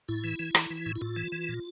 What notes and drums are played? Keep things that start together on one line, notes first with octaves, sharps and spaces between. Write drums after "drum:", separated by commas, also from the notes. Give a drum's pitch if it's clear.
A2 E4
E3
E3
E3, drum: rim click
E3
A2
E4
A2 F4
E3
E3
A#2